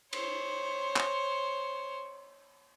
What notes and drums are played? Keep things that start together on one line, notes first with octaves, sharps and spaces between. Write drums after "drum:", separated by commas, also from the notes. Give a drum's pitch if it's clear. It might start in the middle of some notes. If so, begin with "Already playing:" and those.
C5 C#5, drum: cymbal
drum: clap